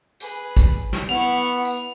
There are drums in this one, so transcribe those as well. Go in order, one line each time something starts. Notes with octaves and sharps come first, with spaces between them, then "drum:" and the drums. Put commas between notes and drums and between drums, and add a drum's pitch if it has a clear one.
G#4 B4, drum: tambourine
drum: kick, tambourine
drum: snare
B3 E4 F#5 C#6 F7
drum: tambourine